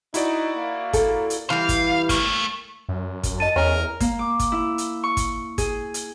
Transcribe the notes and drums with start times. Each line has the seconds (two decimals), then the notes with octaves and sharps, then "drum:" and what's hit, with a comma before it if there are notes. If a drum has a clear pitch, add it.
0.14 D#4 E4 F#4 D5, drum: hi-hat
0.57 A#3
0.93 A4, drum: kick, hi-hat
1.30 drum: hi-hat
1.50 E3 G3 F5
1.69 drum: kick, hi-hat
2.09 A3 A#3, drum: kick, hi-hat
2.89 F#2
3.23 drum: kick, hi-hat
3.40 D#5 A5 D#7
3.56 E2 C#4 A#4
4.00 A#3, drum: kick, hi-hat
4.19 D6
4.39 drum: kick, hi-hat
4.52 E4
4.78 drum: hi-hat
5.04 C#6
5.17 drum: kick, hi-hat
5.58 G#4, drum: kick, hi-hat
5.94 drum: hi-hat